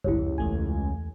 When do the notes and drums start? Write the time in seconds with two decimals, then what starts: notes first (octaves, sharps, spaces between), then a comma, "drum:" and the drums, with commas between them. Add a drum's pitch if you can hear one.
0.04 C#2 G2 D3 E4 G4 C#5, drum: kick G#1
0.19 F2
0.38 E2 A3 G#5, drum: kick G#1